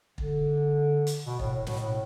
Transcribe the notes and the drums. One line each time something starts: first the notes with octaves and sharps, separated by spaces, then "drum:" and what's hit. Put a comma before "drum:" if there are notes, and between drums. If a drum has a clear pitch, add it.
D3, drum: kick
drum: hi-hat
B2
A2, drum: kick
A2
B2, drum: snare
A2